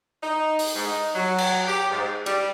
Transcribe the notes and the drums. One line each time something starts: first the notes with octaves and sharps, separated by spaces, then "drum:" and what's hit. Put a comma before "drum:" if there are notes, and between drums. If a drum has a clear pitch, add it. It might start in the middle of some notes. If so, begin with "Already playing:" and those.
D#4
drum: open hi-hat
G#2
D#4
F#3
drum: cymbal
G4
G#2
G3, drum: cymbal